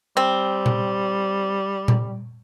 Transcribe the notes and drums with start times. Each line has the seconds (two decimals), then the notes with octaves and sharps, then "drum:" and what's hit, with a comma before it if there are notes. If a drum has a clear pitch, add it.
0.17 G3 C4
0.66 drum: tom A#2
1.88 drum: tom A#2